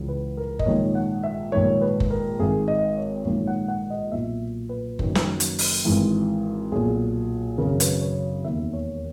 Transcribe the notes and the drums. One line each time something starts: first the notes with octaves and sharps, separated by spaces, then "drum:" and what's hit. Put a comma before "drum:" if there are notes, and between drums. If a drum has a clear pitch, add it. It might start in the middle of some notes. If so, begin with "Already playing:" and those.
Already playing: C#2 C#3 E3
B4
A#4
D#5, drum: kick F#1
A#1 G#2 D#3 C#5
F#5
E5
A#1 G#2 D#3 C#5
B4
drum: kick F#1
A#4
G#1 G#2 D#3 G#4
D#5
C#5
A#1 G#2 D#3 C#5
F#5
F#5
D#5
B1 A#2 E5
B4
F#1 F#2 D#3, drum: kick F#1
drum: snare
drum: hi-hat
drum: open hi-hat
G#1 G#2 E3
B1 A#2 G#4
G#1 F#2 C#3 A#4
B4, drum: hi-hat
C#5
E1 D#2 D#3 E5
C#5